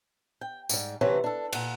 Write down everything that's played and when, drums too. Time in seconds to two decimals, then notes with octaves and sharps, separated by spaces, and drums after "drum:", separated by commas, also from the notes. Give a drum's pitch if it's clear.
0.41 G5
0.69 G#2 G3, drum: tambourine
1.01 C3 E3 F#3 A3 C#4 B4
1.24 D4 A4
1.53 A#2 F#5, drum: cymbal